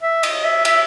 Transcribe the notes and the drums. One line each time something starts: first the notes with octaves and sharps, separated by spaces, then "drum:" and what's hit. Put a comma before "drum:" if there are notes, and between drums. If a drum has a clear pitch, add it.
E5
D#5, drum: cymbal
E5
E5, drum: cymbal